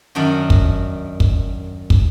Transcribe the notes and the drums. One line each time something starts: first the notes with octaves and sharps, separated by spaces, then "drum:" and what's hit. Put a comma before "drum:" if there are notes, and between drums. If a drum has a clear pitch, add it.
F#2 D#3 D4 F#4
drum: kick
drum: kick
drum: kick